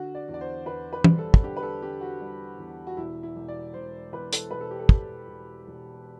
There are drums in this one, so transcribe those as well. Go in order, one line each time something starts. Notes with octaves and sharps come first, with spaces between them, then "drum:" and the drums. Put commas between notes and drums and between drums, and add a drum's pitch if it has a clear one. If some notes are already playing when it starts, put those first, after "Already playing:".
Already playing: D3 F#4
D5
E2
D5
C5
E2 B4
B4
G3, drum: tom
A4
drum: kick
D3 G4
B4
A4
D3 G4
F#4
G3
E2
F#4
E1 E4
E4
E1
D5
E1 C5
E2 B4
A4, drum: hi-hat
E1 B4
A4
G4
A4
E1, drum: kick
E1
E1